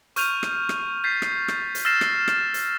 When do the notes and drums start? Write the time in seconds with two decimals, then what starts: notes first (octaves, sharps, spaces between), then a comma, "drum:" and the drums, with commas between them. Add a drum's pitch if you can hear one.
0.16 C#6 F6 G6 D#7 F7, drum: hi-hat
0.43 drum: rim click
0.69 drum: rim click
1.04 G6 A6 B6 C7
1.22 drum: rim click
1.48 drum: rim click
1.75 drum: hi-hat
1.85 E6 F6 A6 A#6 C7 E7
2.01 drum: rim click
2.28 drum: rim click
2.54 drum: hi-hat